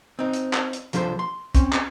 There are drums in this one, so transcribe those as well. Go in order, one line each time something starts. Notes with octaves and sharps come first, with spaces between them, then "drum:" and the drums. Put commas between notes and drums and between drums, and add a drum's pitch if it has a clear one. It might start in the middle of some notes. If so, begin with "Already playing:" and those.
C4 D#4
drum: hi-hat
drum: clap
drum: hi-hat
C2 F3 D4 A4 C5, drum: hi-hat
C6
C4 C#4, drum: kick, hi-hat
drum: clap